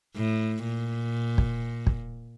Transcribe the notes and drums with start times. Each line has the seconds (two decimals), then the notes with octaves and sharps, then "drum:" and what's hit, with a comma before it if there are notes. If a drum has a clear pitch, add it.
0.16 A2
0.65 A#2
1.38 drum: kick
1.87 drum: kick